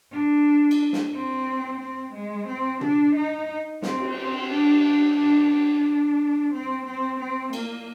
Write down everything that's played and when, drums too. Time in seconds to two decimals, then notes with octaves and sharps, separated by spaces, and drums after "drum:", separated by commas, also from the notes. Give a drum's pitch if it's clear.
0.11 D4
0.71 drum: cymbal
0.93 drum: snare
1.14 C4
1.80 C4
2.14 G#3
2.47 C4
2.81 D4, drum: tom
3.15 D#4
3.82 C4, drum: snare
3.99 drum: cymbal
4.16 C4
4.50 D4
4.84 D4
5.17 D4
5.52 D4
6.53 C4
6.86 C4
7.20 C4
7.53 A#3, drum: cymbal